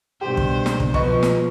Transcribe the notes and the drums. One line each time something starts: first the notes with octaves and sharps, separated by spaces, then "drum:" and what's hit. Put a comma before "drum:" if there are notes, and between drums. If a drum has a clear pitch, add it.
G2 B2 G4 C5
drum: kick
drum: snare
drum: kick
B2 F3 B4 D#5 C#6, drum: kick
drum: snare